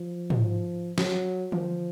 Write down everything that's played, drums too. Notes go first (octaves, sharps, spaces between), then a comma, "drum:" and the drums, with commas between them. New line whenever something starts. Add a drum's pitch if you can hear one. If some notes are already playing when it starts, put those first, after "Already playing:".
Already playing: F3
drum: tom
F3
F#3, drum: snare
F3, drum: tom D3